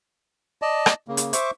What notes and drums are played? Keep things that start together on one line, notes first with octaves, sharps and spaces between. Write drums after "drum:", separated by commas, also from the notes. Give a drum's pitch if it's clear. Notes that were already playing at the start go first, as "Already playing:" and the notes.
D5 D#5 A5
drum: rim click
C#3 A#3
drum: hi-hat
C5 E5 C#6 D6, drum: hi-hat